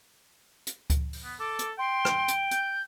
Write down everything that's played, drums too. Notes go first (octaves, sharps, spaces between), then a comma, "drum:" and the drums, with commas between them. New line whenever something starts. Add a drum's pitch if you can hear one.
drum: hi-hat
drum: kick C#2, hi-hat
drum: open hi-hat
B3
A4 D6
drum: hi-hat
G5 C6
drum: rim click
drum: hi-hat
G6, drum: hi-hat